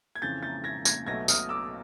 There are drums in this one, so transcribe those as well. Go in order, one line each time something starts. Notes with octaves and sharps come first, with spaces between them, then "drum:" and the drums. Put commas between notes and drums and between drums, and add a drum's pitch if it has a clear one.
G#6
F2 C#3 E3 G6 A6
G6 A6
G#6 A#6
G#6 A#6, drum: tambourine
B1 B2 F#3 A3 G#6 A#6
D#6 F6, drum: tambourine
D6 E6